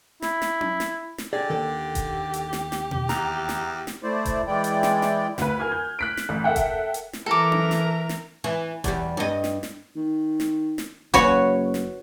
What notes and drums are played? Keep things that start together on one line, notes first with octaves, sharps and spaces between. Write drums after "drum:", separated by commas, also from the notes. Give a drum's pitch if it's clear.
E4, drum: snare
drum: snare
drum: tom C#4
drum: snare
drum: snare
D3 G4 G#4 D5
D#2 D#3 A4 G5
drum: kick E1, hi-hat
drum: hi-hat
drum: snare
drum: snare
drum: tom B2
E2 A#5, drum: snare
drum: snare
drum: snare
A3 E4 C5 D5
drum: kick E1, hi-hat
E3 G#3 E4 D5 G5
drum: hi-hat
drum: snare
drum: snare
D2 B4, drum: snare
A#4 G#5 F6 G#6
G6
F#6 B6 D7
drum: snare
A1
A4 A#4 E5 F#5 G5
drum: kick E1, hi-hat
drum: hi-hat
drum: snare
E3 A4 A#4 A#5 D6
drum: tom C#4
drum: snare
drum: snare
E3
E2 G3, drum: kick E1, hi-hat
G2 D#5
drum: snare
drum: snare
D#3
drum: snare
drum: snare
F#1 F#4 B4 C#5, drum: kick E1, hi-hat
drum: snare